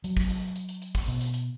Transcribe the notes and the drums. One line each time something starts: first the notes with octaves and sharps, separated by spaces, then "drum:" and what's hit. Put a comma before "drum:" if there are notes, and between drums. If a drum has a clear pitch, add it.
F#3, drum: hi-hat
drum: kick, open hi-hat
drum: hi-hat
drum: hi-hat
drum: hi-hat
drum: hi-hat
drum: kick, open hi-hat
B2, drum: hi-hat
drum: hi-hat
drum: hi-hat